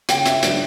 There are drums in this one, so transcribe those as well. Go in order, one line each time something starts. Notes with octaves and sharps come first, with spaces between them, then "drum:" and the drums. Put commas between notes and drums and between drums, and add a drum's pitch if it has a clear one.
C#3 G5, drum: hi-hat
E5, drum: hi-hat
F#3 B3 D4 E5, drum: hi-hat